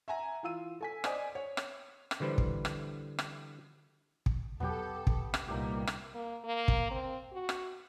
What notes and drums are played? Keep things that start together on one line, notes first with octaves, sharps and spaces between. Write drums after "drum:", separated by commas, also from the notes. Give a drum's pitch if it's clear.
E5 F#5 G#5 A#5
E3 F4 F5 E6 D#7
A4 G#5 B6
C5 D5 D#5 G#5 D#6, drum: rim click
C#5
drum: rim click
drum: rim click
D3 E3 G3 B4 C5
drum: kick
drum: rim click
drum: rim click
drum: kick
E2 B2 F#3 B3 G4 A4
drum: kick
drum: rim click
C2 A#2 A#3 D#4 G4
drum: rim click
A#3
A#3
drum: kick
C4
F#4
drum: rim click